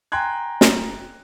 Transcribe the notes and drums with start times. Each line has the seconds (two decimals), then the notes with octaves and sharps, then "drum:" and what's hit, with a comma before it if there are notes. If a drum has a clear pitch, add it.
0.12 G5 G#5 A#5 C6 F#6 G#6
0.61 drum: snare